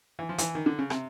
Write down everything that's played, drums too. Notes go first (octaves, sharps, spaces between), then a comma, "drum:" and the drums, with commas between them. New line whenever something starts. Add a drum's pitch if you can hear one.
E3
F3
E3, drum: hi-hat
D#3
D3
C#3
C3, drum: rim click